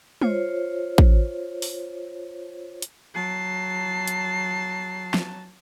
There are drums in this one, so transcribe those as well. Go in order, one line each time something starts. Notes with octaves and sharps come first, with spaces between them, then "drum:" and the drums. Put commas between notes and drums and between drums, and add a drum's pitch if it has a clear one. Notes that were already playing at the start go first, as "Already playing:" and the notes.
F4 C5 C#5, drum: tom
drum: kick A1
drum: open hi-hat
drum: hi-hat
F#3 A5 C7
drum: hi-hat
drum: snare